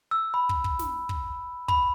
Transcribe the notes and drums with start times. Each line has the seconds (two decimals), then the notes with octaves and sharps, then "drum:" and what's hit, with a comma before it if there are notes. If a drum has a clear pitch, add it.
0.11 E6
0.34 B5
0.49 drum: kick
0.64 drum: kick
0.79 drum: snare
1.09 drum: kick
1.68 B5, drum: kick